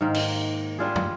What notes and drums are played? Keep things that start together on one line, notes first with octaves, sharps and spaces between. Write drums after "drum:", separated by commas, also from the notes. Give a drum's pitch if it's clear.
G#2 D#3 A#3
drum: cymbal
G3 D4 F4 G#4
drum: tom